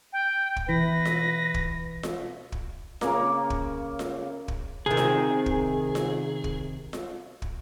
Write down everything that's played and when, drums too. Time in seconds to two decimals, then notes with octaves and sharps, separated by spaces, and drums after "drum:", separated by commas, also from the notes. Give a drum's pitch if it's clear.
0.13 G5
0.56 drum: kick
0.69 B2 E3 E4 B4 A#6
1.05 drum: snare F4
1.54 drum: kick
2.03 drum: snare F4
2.52 drum: kick
3.01 C#3 A#3, drum: snare F4
3.50 drum: kick
3.99 drum: snare F4
4.48 drum: kick
4.86 C3 D#3 G#4
4.97 drum: snare F4
5.46 drum: kick
5.95 drum: snare F4
6.44 drum: kick
6.93 drum: snare F4
7.42 drum: kick